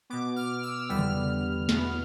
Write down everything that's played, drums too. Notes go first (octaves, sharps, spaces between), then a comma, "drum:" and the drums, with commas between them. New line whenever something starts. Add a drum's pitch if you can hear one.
B2 B3 D6
F6
E6
E2 D3 G3 B3 F6
drum: tom C3
E2 B2 B3, drum: snare